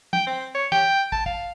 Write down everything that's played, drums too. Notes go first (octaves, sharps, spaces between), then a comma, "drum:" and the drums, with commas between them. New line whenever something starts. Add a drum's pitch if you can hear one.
G5, drum: tom
C4
C#5
G5, drum: tom
A5, drum: kick
F5, drum: kick